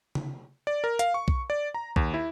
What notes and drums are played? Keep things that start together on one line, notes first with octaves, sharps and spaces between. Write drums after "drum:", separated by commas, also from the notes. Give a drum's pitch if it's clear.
drum: tom C#3
D5
A#4
F5, drum: hi-hat
C#6
drum: kick B1
D5
A#5
D#2, drum: kick B1
E4